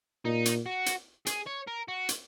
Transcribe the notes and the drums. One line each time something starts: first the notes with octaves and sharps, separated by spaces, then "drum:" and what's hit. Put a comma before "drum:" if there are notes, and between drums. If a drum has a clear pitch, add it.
A#2 D#4
drum: hi-hat
F#4
drum: hi-hat
G#4, drum: hi-hat
C#5
A#4
F#4
drum: hi-hat